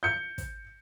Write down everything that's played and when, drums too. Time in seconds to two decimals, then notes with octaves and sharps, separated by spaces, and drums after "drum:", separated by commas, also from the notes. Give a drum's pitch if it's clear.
0.03 G6 C#7
0.38 drum: kick, hi-hat